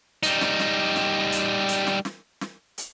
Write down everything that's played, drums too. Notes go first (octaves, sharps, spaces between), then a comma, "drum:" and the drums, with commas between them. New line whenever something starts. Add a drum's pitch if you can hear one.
G3 D#4, drum: hi-hat
drum: snare
drum: snare
drum: snare
drum: hi-hat
drum: hi-hat
drum: snare
drum: snare
drum: snare
drum: hi-hat